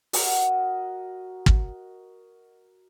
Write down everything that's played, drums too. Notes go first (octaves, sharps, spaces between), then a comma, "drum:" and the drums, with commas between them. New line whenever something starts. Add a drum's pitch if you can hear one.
F#4 A#4 D#5 F#5, drum: open hi-hat
drum: kick